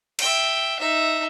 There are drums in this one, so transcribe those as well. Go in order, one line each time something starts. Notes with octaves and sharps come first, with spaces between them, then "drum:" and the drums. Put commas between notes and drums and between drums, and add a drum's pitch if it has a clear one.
E5 G5, drum: cymbal
D#4 E5